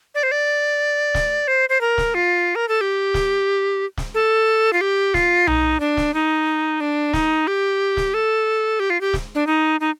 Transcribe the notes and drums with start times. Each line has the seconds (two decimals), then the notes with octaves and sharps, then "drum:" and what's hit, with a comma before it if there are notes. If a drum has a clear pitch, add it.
0.15 D5
0.23 C5
0.32 D5
1.15 drum: snare
1.48 C5
1.69 C5
1.81 A#4
1.98 drum: snare
2.14 F4
2.55 A#4
2.69 A4
2.81 G4
3.14 drum: snare
3.97 drum: snare
4.14 A4
4.73 F4
4.81 G4
5.14 F4, drum: snare
5.47 D#4, drum: tom B1
5.80 D4
5.97 drum: snare
6.14 D#4
6.81 D4
7.13 D#4, drum: snare
7.47 G4
7.97 drum: snare
8.14 A4
8.80 G4
8.90 F4
9.01 G4
9.14 drum: snare
9.35 D4
9.47 D#4
9.80 D#4